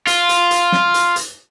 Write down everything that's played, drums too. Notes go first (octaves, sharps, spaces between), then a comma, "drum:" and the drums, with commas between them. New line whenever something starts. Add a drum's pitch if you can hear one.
F4, drum: hi-hat
drum: hi-hat
drum: hi-hat
drum: snare
drum: hi-hat
drum: hi-hat